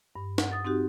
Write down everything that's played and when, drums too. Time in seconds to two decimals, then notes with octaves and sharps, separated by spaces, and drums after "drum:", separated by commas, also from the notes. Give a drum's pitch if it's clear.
0.16 G2
0.38 F#5, drum: snare
0.51 D#6 A6
0.65 C4 D#4 F#4 G4